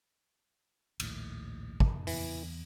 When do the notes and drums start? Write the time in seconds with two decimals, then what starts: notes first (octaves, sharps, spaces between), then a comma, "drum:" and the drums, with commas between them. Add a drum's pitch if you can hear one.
1.00 A#1 D#2 A2, drum: cymbal
1.80 drum: kick
2.07 E2 E3, drum: open hi-hat